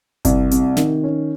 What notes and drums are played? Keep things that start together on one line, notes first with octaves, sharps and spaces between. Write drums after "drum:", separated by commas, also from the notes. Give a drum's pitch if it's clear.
C2, drum: kick G1, hi-hat
C3, drum: hi-hat
D#3, drum: snare
C#4